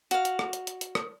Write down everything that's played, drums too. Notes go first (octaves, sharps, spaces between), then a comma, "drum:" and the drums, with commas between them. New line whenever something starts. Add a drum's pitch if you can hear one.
F#4 F5, drum: hi-hat
drum: hi-hat
drum: rim click
drum: hi-hat
drum: hi-hat
drum: hi-hat
drum: rim click